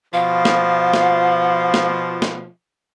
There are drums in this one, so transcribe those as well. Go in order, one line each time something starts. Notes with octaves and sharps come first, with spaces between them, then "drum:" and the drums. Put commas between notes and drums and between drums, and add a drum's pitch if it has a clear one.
B2 F3 F5
drum: snare
drum: snare
drum: snare
drum: snare